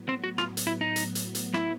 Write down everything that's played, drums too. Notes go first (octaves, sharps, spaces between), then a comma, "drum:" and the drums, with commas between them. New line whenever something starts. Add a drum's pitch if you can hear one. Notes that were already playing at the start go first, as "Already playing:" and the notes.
Already playing: A2 F#3 B3
C4
F#4
F4, drum: rim click
drum: hi-hat
E4
D#4
drum: hi-hat
drum: hi-hat
drum: hi-hat
E4, drum: rim click